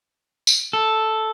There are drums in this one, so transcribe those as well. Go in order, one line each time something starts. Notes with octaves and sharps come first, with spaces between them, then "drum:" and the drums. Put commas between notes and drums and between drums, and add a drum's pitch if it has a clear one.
drum: tambourine
A4